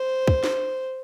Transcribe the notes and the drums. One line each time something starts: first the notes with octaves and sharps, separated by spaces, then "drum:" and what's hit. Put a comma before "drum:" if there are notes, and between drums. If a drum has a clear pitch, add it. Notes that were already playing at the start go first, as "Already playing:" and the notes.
Already playing: C5
drum: kick
drum: snare